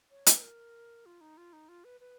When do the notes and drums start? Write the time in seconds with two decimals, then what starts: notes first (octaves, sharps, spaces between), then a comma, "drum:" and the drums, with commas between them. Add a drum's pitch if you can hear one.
0.10 C#5
0.26 B4, drum: hi-hat
0.42 A#4
1.06 F4
1.21 D#4
1.37 F4
1.53 D#4
1.69 F4
1.84 B4
2.00 B4